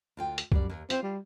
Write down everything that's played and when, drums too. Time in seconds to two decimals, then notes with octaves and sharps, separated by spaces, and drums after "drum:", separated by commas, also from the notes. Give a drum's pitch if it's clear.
0.17 D2 F4 G5
0.38 drum: hi-hat
0.52 F#2 G3 D5, drum: kick C2
0.69 D#2
0.90 C4 F4, drum: hi-hat
1.03 G3